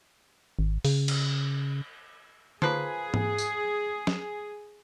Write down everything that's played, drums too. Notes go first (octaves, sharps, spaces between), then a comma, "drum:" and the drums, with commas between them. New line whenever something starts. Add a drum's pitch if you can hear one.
G#1
C#3, drum: open hi-hat
drum: cymbal
F3 A#3 G#4 B4, drum: tom D3
drum: tom G#2
drum: tambourine
drum: snare